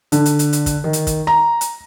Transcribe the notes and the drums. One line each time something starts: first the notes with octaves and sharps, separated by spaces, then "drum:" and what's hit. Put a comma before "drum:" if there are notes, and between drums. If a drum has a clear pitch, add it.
D3, drum: hi-hat
drum: hi-hat
drum: hi-hat
drum: hi-hat
drum: kick, hi-hat
D#3
drum: hi-hat
drum: kick, hi-hat
A#5
drum: hi-hat